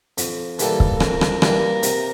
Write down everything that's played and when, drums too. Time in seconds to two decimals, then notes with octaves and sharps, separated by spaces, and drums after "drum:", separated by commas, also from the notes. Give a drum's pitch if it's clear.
0.18 F2, drum: hi-hat
0.59 E3 G3 A#3 A4, drum: hi-hat
0.80 drum: kick C#1
1.00 F2 A#4, drum: rim click
1.21 drum: rim click
1.42 E3 G3 A#3, drum: rim click
1.83 C3, drum: hi-hat